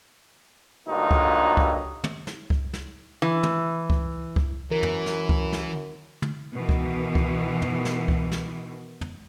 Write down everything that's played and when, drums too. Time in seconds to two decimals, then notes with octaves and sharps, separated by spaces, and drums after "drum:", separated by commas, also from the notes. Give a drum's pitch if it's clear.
0.87 D2 G2 F#3 A#3 D#4 F4
1.11 drum: kick C#2
1.57 drum: kick C#2
2.04 drum: tom
2.27 drum: snare
2.50 drum: kick C#2
2.73 drum: snare
3.22 E3
3.43 drum: tom
3.90 drum: kick C#2
4.36 drum: kick C#2
4.71 F#2 E3 A#4
4.83 drum: tom
5.06 drum: snare
5.29 drum: kick C#2
5.53 drum: snare
6.22 drum: tom
6.52 B2 D#3 E3
6.69 drum: kick C#2
7.15 drum: kick C#2
7.62 drum: tom
7.85 drum: snare
8.08 drum: kick C#2
8.32 drum: snare
9.01 drum: tom